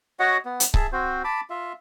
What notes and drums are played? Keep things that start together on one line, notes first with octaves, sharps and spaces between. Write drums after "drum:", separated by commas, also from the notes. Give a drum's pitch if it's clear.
F#4 C#5 D#5 F#5
B3
drum: hi-hat
G#4 E5 A5, drum: kick C#1
C4 F#4 C5
A5 B5 D6
F4 E5